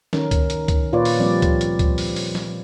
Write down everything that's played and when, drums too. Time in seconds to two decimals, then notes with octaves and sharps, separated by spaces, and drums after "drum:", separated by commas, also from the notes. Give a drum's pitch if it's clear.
0.13 D#3 C#4 A#4, drum: snare
0.31 drum: kick C#2, hi-hat
0.50 drum: hi-hat
0.68 drum: kick C#2, hi-hat
0.93 A#2 F4 B4 C#5 D5
1.05 drum: open hi-hat
1.20 F3 G3 C4 D5
1.42 drum: kick C#2, hi-hat
1.61 drum: hi-hat
1.79 drum: kick C#2, hi-hat
1.98 drum: open hi-hat
2.16 drum: open hi-hat
2.35 drum: snare